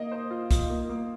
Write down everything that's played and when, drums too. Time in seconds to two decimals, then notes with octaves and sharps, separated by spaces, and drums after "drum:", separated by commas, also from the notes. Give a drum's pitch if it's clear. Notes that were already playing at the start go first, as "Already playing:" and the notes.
Already playing: A#3 D#5
0.12 C5
0.31 F4
0.51 F4, drum: kick, hi-hat
0.70 A#3
0.90 A#3